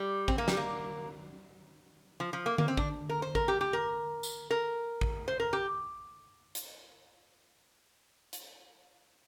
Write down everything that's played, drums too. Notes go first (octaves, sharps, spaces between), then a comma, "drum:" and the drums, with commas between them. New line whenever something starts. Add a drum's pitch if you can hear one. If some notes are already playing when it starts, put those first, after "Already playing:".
Already playing: G3
C4, drum: kick A1
A#3
G3, drum: snare
A#3
F3
F3
A#3
A#3, drum: tom D3
C4
D4, drum: kick A1
A#4
C5
A#4, drum: kick A1
G4
G4
A#4
drum: tambourine
A#4
drum: kick A1
C5
A#4
G4
drum: hi-hat
drum: hi-hat